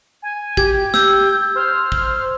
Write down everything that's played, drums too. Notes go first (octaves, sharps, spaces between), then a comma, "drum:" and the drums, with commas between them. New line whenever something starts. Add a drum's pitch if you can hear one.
G#5
G4 G#6, drum: kick
E6 G6, drum: snare
C5 F6
drum: kick